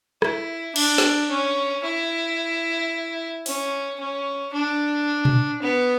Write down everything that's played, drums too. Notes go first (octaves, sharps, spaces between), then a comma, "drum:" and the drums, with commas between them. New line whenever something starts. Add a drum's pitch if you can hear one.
E4, drum: rim click
D4, drum: cymbal
drum: snare
C#4
E4
C#4, drum: open hi-hat
C#4
D4
drum: tom A#2
B3